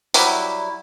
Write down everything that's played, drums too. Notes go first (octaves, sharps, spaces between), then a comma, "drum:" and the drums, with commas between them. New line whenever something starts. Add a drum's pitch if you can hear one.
F#3 G3 E4, drum: open hi-hat